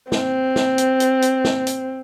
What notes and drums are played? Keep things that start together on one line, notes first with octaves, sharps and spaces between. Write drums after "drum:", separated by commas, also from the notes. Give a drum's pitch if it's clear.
C4, drum: snare
drum: snare
drum: hi-hat
drum: hi-hat
drum: hi-hat
drum: snare
drum: hi-hat